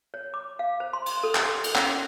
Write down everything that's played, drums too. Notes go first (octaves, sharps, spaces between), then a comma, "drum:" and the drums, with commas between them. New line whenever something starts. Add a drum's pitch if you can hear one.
C#5
D6
F5
C5
C6
drum: cymbal
A4
drum: clap
drum: cymbal
C#4, drum: clap